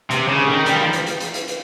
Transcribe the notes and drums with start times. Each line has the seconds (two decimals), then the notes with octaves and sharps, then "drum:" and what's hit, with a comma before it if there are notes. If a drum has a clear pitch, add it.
0.11 C3, drum: hi-hat
0.28 C#3
0.47 D#3
0.66 G3, drum: hi-hat
0.75 F3
0.93 drum: hi-hat
1.07 drum: hi-hat
1.20 drum: hi-hat
1.34 drum: hi-hat
1.48 drum: hi-hat